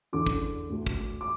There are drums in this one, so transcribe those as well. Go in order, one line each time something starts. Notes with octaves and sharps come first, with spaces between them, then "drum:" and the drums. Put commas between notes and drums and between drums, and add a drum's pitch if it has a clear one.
E2 D3 D6
drum: kick
D2 D3
drum: kick
D6